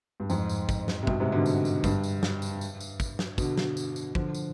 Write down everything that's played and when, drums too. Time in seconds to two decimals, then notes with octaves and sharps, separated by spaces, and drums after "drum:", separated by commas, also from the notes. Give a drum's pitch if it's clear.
0.20 G2
0.30 F2 G#2, drum: tambourine
0.49 drum: tambourine
0.69 drum: kick, tambourine
0.88 drum: snare
1.03 C3
1.07 G2 B2, drum: kick
1.20 G#2 C3
1.32 B2 D3
1.46 drum: tambourine
1.65 drum: tambourine
1.84 G2, drum: kick, tambourine
2.03 drum: tambourine
2.23 drum: snare
2.42 drum: tambourine
2.61 drum: tambourine
2.80 drum: tambourine
3.00 drum: kick, tambourine
3.19 drum: snare
3.38 B2 D3, drum: kick, tambourine
3.57 drum: snare
3.77 drum: tambourine
3.96 drum: tambourine
4.15 D3 F3, drum: kick
4.34 drum: tambourine